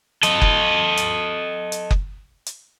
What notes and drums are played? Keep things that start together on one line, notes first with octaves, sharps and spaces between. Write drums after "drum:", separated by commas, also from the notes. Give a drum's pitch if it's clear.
A4 D#5, drum: hi-hat
drum: kick F#1
drum: hi-hat
drum: hi-hat
drum: kick F#1
drum: hi-hat